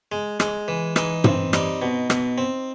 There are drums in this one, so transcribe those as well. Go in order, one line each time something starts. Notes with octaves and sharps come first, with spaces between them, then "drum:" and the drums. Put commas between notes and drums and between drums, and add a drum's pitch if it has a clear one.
G#3
G#3, drum: rim click
E3
E3 D#4, drum: rim click
C4, drum: tom
G3 D#4, drum: rim click
B2
B2, drum: rim click
C4